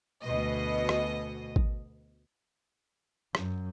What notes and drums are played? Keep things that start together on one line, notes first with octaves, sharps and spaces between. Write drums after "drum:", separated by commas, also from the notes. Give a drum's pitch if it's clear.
D2 B2 D#5
drum: rim click
drum: kick G#1
F#2, drum: rim click